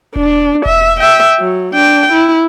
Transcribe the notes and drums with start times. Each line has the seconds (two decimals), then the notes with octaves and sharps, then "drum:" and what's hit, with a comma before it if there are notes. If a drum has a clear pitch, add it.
0.16 D4, drum: kick E1
0.66 E5, drum: kick E1
0.98 E5 G5
1.40 F#3
1.74 D4 G5
2.12 E4